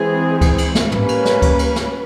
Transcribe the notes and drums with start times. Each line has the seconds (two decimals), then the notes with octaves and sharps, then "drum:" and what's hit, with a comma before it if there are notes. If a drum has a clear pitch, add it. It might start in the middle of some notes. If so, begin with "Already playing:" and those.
Already playing: E3 G#3 C4 G#4
0.41 drum: kick C#2, cymbal
0.58 drum: cymbal
0.75 drum: snare
0.92 G3 A#3 C#4 B4, drum: tom
1.09 drum: cymbal
1.25 drum: snare
1.42 drum: kick C#2, cymbal
1.59 drum: cymbal
1.76 drum: snare